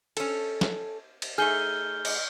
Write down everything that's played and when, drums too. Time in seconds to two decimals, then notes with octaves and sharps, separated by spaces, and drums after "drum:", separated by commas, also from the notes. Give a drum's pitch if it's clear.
0.17 C#4 A4, drum: cymbal
0.61 drum: snare
1.22 drum: cymbal
1.38 A3 D#4 G#4 F6 G6 G7
2.05 drum: cymbal